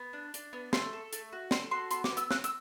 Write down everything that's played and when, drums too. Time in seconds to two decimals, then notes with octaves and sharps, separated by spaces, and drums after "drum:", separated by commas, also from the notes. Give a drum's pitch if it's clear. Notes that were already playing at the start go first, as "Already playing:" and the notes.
Already playing: B3
0.13 D4
0.34 D4, drum: hi-hat
0.53 B3
0.73 A3 C6, drum: snare
0.93 A4
1.13 A3, drum: hi-hat
1.32 F#4
1.51 A4 C6, drum: snare
1.71 F#4 C6
1.91 B3 C6, drum: hi-hat
2.04 D6, drum: snare
2.11 B3
2.17 E6, drum: hi-hat
2.31 C4 F#6, drum: snare
2.44 E6, drum: hi-hat